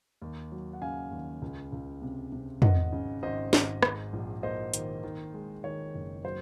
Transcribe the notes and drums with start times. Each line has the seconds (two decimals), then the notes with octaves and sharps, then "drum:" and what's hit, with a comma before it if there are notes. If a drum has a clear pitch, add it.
0.22 D#2
0.52 F#3
0.73 F#5
0.81 C#3 F5 G#5
1.11 D#2
1.42 C#2
1.72 C#2
2.02 C3
2.32 C3
2.62 G#1 D#5 F#5, drum: tom
2.92 C#3
3.23 G#1 C5 D#5
3.53 G#1, drum: snare
3.83 G#2, drum: rim click
4.13 A#1
4.43 A#3 C5 D#5
4.74 D#3, drum: hi-hat
5.03 D#3
5.33 G#3
5.64 D#3 C#5
5.94 F#1
6.24 F#3 C5